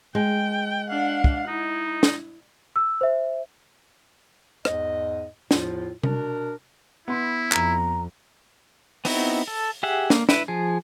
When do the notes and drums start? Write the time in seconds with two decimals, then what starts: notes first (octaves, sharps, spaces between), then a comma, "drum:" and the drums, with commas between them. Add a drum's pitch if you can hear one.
0.15 G#3 G5
0.90 D4 F5 F#5
1.24 drum: kick
1.48 D#4 E4
2.03 drum: snare
2.76 E6
3.01 C5 E5
4.65 E2 G#2 D#5, drum: rim click
5.51 E2 A2 F3 F4, drum: snare
6.04 B2 D4 A#4, drum: tom C3
7.08 B3 E4 C6
7.52 F2 A#5, drum: clap
9.05 B3 C4 D#4 E4 F#4, drum: open hi-hat
9.48 A4
9.83 G4 G#4 E5 F#5
10.10 A#3, drum: snare
10.29 E4 B4, drum: snare
10.48 F3 G#4